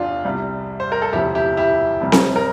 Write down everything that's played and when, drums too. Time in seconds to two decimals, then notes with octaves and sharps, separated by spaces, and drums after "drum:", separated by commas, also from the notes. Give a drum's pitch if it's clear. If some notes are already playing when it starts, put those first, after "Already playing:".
Already playing: F1 E2 C3 E3 D4 F4
0.25 C2 C3 G3
0.80 C5
0.92 A#4
1.02 A4
1.12 E1 D2 C3 F3 E4 G4
1.35 E4 G4
1.57 E4 G4
2.01 F1 F2 C3 G3
2.12 drum: snare C4
2.36 A#4